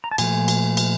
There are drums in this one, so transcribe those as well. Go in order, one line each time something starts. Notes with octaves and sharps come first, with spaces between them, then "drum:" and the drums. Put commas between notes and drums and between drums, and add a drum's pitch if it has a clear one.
A#5
A5
A#2 F3 A3 G#5, drum: cymbal
drum: cymbal
drum: cymbal